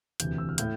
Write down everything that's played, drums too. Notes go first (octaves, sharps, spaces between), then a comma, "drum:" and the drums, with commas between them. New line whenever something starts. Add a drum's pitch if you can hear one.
E1 D2 C3 E3 G6, drum: hi-hat
E6
F6
A2 G6, drum: hi-hat